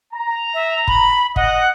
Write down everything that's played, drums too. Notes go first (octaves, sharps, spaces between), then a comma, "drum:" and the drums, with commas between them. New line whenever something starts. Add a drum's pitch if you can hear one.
A#5
E5
B5, drum: kick G1
D#5 F#5, drum: kick G1